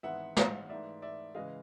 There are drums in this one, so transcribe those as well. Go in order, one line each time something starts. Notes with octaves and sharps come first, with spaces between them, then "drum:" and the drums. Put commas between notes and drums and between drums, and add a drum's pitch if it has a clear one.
G#1 G#2 E3 G#3 B3 E5 F#5
D#5 F5, drum: snare
G#2 E3 A3 D5 E5
D5 E5
C#3 E3 G#3 D#5 F5